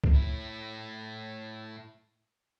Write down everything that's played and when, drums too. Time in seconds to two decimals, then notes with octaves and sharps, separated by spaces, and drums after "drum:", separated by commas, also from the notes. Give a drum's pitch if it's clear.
0.04 drum: kick C#2
0.14 A2 E4